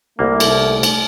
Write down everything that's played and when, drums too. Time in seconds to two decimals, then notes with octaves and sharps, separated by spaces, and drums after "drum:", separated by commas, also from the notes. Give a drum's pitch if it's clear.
0.19 C2 A3 A#3
0.40 drum: cymbal
0.83 drum: cymbal